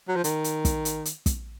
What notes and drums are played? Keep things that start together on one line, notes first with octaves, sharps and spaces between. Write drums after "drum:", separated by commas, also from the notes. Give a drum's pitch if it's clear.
F#3
F3
D#3, drum: hi-hat
drum: hi-hat
drum: kick, hi-hat
drum: hi-hat
drum: hi-hat
drum: kick, hi-hat